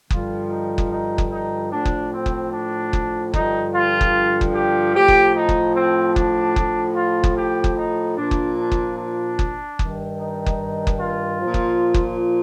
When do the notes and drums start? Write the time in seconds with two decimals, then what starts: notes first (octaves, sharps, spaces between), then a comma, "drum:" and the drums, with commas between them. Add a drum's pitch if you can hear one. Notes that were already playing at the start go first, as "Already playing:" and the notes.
0.10 G2 D3 F3 F4, drum: kick F#1
0.50 D#4
0.78 drum: kick F#1
0.91 D#4
1.18 drum: kick F#1
1.32 D#4
1.72 A2 F3 D4
1.85 drum: kick F#1
2.13 C4
2.26 drum: kick F#1
2.53 D4
2.93 drum: kick F#1
3.34 G2 D3 F3 D#4, drum: kick F#1
3.74 F4
4.01 drum: kick F#1
4.41 drum: kick F#1
4.55 G4
4.95 A2 F3 G4
5.08 drum: kick F#1
5.35 D#4
5.49 drum: kick F#1
5.76 C4
6.16 D4, drum: kick F#1
6.56 A2 F3, drum: kick F#1
6.96 F4
7.24 drum: kick F#1
7.37 G4
7.64 drum: kick F#1
7.78 D#4
8.17 A#2 F3 D4
8.31 drum: kick F#1
8.58 D4
8.72 drum: kick F#1
8.98 D4
9.39 drum: kick F#1
9.79 G2 D#3, drum: kick F#1
10.19 D#4
10.46 drum: kick F#1
10.87 drum: kick F#1
11.00 F4
11.41 A#2 F3
11.54 drum: kick F#1
11.94 drum: kick F#1